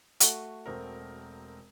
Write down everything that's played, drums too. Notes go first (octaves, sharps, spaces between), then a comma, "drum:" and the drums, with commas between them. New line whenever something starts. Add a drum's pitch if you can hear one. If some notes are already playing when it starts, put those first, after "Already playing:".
A3 F#4, drum: hi-hat
E1 C4 A#4